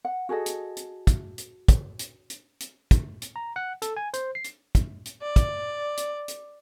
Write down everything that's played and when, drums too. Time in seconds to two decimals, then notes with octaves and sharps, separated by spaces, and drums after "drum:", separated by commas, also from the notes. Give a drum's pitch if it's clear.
0.05 F#5
0.29 F#4 G#4 A4 D#5
0.46 drum: hi-hat
0.77 drum: hi-hat
1.07 drum: kick, hi-hat
1.38 drum: hi-hat
1.68 drum: kick, hi-hat
1.99 drum: hi-hat
2.30 drum: hi-hat
2.60 drum: hi-hat
2.91 drum: kick, hi-hat
3.22 drum: hi-hat
3.36 A#5
3.56 F#5
3.82 A4, drum: hi-hat
3.97 G#5
4.14 C5, drum: hi-hat
4.35 C7
4.44 drum: hi-hat
4.75 drum: kick, hi-hat
5.05 drum: hi-hat
5.22 D5
5.36 drum: kick, hi-hat
5.97 drum: hi-hat
6.28 drum: hi-hat